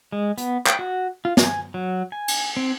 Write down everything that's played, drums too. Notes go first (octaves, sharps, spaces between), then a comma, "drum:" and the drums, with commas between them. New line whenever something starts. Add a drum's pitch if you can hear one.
G#3
B3, drum: hi-hat
G5, drum: clap
F#4
F4
G#5, drum: snare
F#3
G#5
drum: cymbal
C4